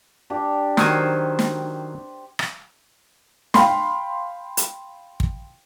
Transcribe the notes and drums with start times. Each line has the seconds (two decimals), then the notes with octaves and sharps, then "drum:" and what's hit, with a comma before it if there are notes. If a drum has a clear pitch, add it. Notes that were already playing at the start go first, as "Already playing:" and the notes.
0.30 D4 G4
0.77 D#3 F#3 C5 G#5, drum: snare
1.39 drum: snare
2.39 drum: rim click
3.54 F5 G5 B5 C6, drum: snare
4.57 drum: hi-hat
5.20 drum: kick